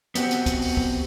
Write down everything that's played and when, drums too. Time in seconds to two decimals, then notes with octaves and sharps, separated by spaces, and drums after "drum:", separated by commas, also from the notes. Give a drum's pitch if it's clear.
0.15 B3 C4 F#4 G4, drum: hi-hat
0.31 drum: hi-hat
0.46 drum: kick, hi-hat
0.62 drum: open hi-hat
0.77 drum: kick